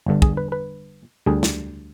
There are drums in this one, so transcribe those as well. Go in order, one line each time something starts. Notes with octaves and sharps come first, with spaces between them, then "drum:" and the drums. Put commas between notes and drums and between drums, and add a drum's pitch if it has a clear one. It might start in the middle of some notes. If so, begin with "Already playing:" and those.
G1 G2 D3
G#4, drum: kick
B4
B4
D2 D3 G3 G#4
drum: snare